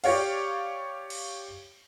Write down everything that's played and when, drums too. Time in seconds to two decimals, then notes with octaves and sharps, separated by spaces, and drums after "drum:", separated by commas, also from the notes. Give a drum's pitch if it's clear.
0.04 G4 C#5 D5 F5, drum: cymbal
1.10 drum: cymbal